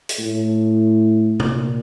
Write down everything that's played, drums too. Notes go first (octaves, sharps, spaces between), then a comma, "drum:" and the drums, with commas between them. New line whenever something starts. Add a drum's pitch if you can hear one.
drum: hi-hat
A2
A#2, drum: tom C3